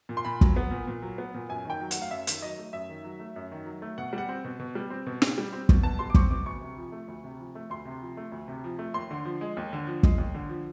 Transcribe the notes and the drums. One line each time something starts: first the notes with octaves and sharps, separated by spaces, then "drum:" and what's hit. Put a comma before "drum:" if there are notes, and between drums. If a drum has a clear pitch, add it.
A#2
C6
A#2 B5
F#3, drum: kick
B3
A#2
A#2
F#3
B3
A#2
F#2 G#5
D#3
G5
F#3
A3 F#5, drum: hi-hat
F5
F#2 E5
D#3, drum: hi-hat
F#3 D#5
A3
F#2 E5
D#3
F#3
A3
F#2
D#3
F#3
A3
B2 F#5
G3
F#5
C4
B2
B2
G3
C4
B2
B2, drum: snare
G3
C4
B2, drum: kick
B2 A5
G3 C6
D6
C4 C#6, drum: kick
B2 D6
D2 C#6
C3
F3
A3
D2
C3
F3
A3
D2 C6
C3
F3
A3
D2
C3
F3
A3
D#2 C6
D3
F3
G#3
D#2
D3
F3
G#3, drum: kick
D#2
D3
F3